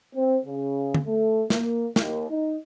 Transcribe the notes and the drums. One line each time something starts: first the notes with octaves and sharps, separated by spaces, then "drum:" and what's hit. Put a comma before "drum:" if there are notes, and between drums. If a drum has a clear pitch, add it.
C4
C#3
drum: tom D3
A3
A#3, drum: snare
D#2, drum: snare
D#4